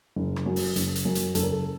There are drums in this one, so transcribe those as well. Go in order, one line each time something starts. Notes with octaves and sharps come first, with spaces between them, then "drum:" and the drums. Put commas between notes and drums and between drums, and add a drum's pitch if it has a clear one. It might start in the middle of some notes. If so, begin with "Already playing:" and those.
F#1
drum: rim click
F#2 F#3
drum: open hi-hat
F#1, drum: hi-hat
drum: hi-hat
F#2 F#3
drum: hi-hat
F#1 A4, drum: hi-hat
A#4
A4